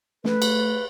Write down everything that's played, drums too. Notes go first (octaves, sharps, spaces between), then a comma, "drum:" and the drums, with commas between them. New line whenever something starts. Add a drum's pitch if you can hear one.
A3 B4, drum: snare
drum: cymbal